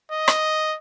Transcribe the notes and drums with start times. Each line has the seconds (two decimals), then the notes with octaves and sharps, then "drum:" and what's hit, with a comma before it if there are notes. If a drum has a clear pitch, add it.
0.11 D#5
0.28 drum: rim click